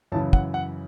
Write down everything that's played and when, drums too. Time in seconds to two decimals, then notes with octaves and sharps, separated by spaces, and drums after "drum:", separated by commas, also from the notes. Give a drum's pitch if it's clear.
0.12 F#2 C#3 E3 A5
0.33 F#5, drum: kick
0.54 F#5